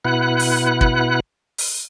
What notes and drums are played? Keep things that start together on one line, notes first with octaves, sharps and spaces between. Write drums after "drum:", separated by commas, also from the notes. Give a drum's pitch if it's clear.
B2 E4 B4 F#5 F#6
drum: open hi-hat
drum: kick
drum: open hi-hat